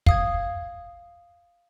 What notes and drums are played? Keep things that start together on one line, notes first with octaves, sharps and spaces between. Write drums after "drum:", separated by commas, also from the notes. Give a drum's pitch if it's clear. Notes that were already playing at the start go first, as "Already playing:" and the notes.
F5 D#6 G#6, drum: kick